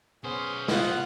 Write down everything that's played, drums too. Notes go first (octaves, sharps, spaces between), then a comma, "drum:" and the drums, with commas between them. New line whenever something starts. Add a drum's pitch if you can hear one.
B1 B3 C#4 G#4 C5
F4 F#5 D#6, drum: snare